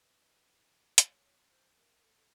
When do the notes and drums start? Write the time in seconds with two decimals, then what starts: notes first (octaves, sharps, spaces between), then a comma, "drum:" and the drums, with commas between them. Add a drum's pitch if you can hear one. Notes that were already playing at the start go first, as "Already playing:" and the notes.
Already playing: B4
0.98 C#5, drum: hi-hat
1.51 C5
1.77 A#4
1.99 A#4
2.03 A4
2.17 A4